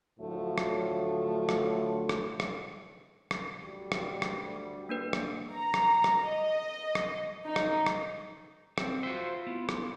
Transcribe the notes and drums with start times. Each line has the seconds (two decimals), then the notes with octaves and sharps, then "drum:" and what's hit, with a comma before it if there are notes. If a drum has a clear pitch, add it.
0.19 D2 A2 D3 F3 F#3 A3
0.58 drum: rim click
1.49 drum: rim click
2.09 drum: rim click
2.40 drum: rim click
3.31 drum: rim click
3.62 D2 G3
3.92 drum: rim click
4.22 drum: rim click
4.89 A#3 D4 B4
5.13 drum: rim click
5.54 A#5
5.74 drum: rim click
6.04 drum: rim click
6.28 D#5
6.95 drum: rim click
7.45 D#4
7.56 drum: rim click
7.86 drum: rim click
8.78 C4, drum: rim click
9.03 F4 F#4 C5 E5
9.47 B3 E4
9.69 drum: rim click